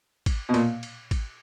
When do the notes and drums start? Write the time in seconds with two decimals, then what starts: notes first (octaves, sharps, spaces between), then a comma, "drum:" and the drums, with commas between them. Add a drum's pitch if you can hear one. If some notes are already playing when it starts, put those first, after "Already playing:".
0.26 drum: kick, cymbal
0.49 B2
0.54 A#2, drum: cymbal
0.83 drum: cymbal
1.11 drum: kick, cymbal